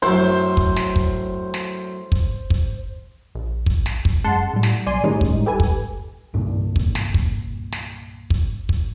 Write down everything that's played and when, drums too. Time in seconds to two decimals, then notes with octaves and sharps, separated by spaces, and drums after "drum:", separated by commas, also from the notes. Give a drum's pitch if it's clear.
0.02 F#2 A2 C5
0.57 drum: kick
0.76 drum: snare
0.96 drum: kick
1.54 drum: snare
2.12 drum: kick
2.50 drum: kick
3.35 A#1
3.66 drum: kick
3.86 drum: snare
4.05 drum: kick
4.24 F#2 G#3 F#5 A5 C6
4.53 A2 G3
4.63 drum: snare
4.86 B1 D5 G#5 C6 D#7
5.04 A2 D#3 G3 G#3 C#4 D#4
5.21 drum: kick
5.46 G4 A4 B4 G#5
5.60 drum: kick
6.34 C2 G2 A#2
6.76 drum: kick
6.95 drum: snare
7.14 drum: kick
7.72 drum: snare
8.30 drum: kick
8.69 drum: kick